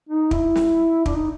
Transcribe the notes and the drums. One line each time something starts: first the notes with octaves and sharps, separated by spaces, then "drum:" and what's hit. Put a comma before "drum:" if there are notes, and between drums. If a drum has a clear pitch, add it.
D#4
E4, drum: kick
drum: snare
D4, drum: kick
D#4